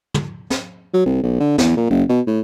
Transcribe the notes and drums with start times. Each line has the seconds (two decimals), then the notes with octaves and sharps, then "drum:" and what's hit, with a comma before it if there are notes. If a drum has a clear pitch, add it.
0.14 drum: tom
0.50 drum: snare
0.94 F#3
1.06 C2
1.24 B1
1.40 D3
1.58 E2, drum: snare
1.77 A#2
1.90 F#1
2.09 B2
2.27 A2